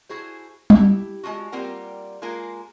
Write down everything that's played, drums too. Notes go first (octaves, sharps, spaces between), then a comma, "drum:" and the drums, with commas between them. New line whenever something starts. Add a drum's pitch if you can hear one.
E4 F#4 G#4 C5
E4 G4, drum: tom G3
G#3 C4 F4 F#4
G3 A#3 C4 F4 A#4 F#5
G#3 A#3 F4 G#4 A#4